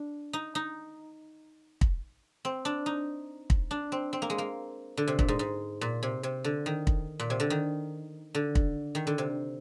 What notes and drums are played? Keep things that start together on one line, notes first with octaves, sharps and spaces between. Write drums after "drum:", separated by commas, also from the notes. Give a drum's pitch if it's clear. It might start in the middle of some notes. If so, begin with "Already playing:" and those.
Already playing: D4
D#4
D#4
drum: kick
C4
D4
D#4
drum: kick
D4
C4
C4
A#3
G#3
A#3
D3
C3
A#2, drum: kick
G#2
G#2
A#2
C3
C3
D3
D#3
drum: kick
A#2
C3
D3
D#3
D3
drum: kick
D#3
D3
C3